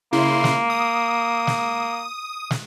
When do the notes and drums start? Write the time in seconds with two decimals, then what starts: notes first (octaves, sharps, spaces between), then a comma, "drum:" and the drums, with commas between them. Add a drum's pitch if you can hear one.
0.13 C#3 A#3 E4 C6
0.44 drum: snare
0.70 D#6
1.47 drum: snare
2.51 drum: snare